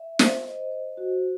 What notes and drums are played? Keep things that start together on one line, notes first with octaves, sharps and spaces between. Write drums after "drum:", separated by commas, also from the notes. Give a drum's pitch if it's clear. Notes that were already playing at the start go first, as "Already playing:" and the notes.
Already playing: E5
C5, drum: snare
D#5
C5
F#4